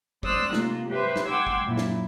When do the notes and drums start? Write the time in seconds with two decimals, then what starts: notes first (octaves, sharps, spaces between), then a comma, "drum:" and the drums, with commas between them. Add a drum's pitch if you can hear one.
0.23 C5 D5 D#6 E6 F#6, drum: kick
0.53 C3 A3 A#3 F4, drum: snare
0.89 G4 B4 C5 E5
1.16 drum: snare
1.26 F#5 G5 C6 D6 E6 G#6
1.47 drum: kick
1.64 F#2 A#2 E4
1.78 drum: snare